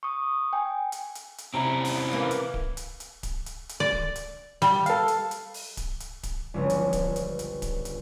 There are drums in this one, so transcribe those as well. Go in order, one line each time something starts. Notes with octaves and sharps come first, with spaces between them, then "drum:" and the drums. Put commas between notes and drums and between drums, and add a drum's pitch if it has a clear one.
C#6 D#6
G5 G#5
drum: hi-hat
drum: hi-hat
drum: hi-hat
C3 C4 C#4 E4 A#5
drum: open hi-hat
E3 A#3
drum: hi-hat
drum: kick D1
drum: hi-hat
drum: hi-hat
drum: kick D1, hi-hat
drum: hi-hat
drum: hi-hat
D5
drum: kick D1
drum: hi-hat
G3, drum: hi-hat
A4 F5, drum: hi-hat
drum: hi-hat
drum: hi-hat
drum: open hi-hat
drum: kick D1, hi-hat
drum: hi-hat
drum: kick D1, hi-hat
G1 C#2 C#3 F3
drum: hi-hat
drum: kick D1, hi-hat
drum: hi-hat
drum: hi-hat
drum: kick D1, hi-hat
drum: hi-hat